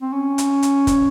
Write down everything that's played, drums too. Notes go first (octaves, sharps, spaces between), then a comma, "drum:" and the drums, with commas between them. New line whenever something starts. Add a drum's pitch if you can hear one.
C4
C#4
drum: hi-hat
drum: hi-hat
drum: kick, hi-hat